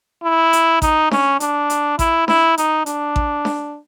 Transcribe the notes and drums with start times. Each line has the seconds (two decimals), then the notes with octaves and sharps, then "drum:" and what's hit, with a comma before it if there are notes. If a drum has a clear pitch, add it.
0.24 E4
0.53 drum: hi-hat
0.82 D#4, drum: kick A1, hi-hat
1.11 C#4, drum: snare D4
1.40 D4, drum: hi-hat
1.70 drum: hi-hat
1.99 E4, drum: kick A1, hi-hat
2.28 E4, drum: snare D4
2.58 D#4, drum: hi-hat
2.86 D4, drum: hi-hat
3.16 drum: kick A1
3.45 drum: snare D4